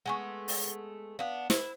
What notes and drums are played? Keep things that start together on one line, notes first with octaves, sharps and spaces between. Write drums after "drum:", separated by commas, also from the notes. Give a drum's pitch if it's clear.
G#3 A3 B3 F#5 G#5 C#6
drum: open hi-hat
B3 D4 F5
E4 C5, drum: snare